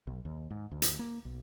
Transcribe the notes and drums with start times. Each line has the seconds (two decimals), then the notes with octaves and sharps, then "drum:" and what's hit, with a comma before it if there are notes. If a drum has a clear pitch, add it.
0.07 B1
0.25 D#2
0.51 G#2
0.71 D2
0.82 drum: hi-hat
0.99 A#3
1.25 B1